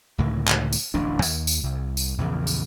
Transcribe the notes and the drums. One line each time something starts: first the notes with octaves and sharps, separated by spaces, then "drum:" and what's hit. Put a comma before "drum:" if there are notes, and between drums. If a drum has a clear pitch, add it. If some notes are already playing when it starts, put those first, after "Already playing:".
C#2 A2 D3 D#3
drum: clap
drum: tambourine
D1 A1 F2 D4
D#2, drum: tambourine
drum: tambourine
C2
drum: tambourine
A#1 E2 C#3
drum: tambourine